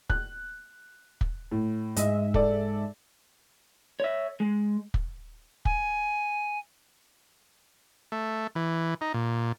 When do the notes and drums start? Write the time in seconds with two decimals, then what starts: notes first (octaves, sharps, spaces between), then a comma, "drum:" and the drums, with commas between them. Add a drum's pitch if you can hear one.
0.10 F#6, drum: kick
1.21 drum: kick
1.52 A2
1.96 G#2 G#3 D#5 E5, drum: hi-hat
2.34 A4 D5, drum: kick
4.00 C#5 E5
4.40 G#3
4.94 drum: kick
5.65 G#5, drum: kick
8.12 A3
8.55 E3
9.01 D#4
9.14 A#2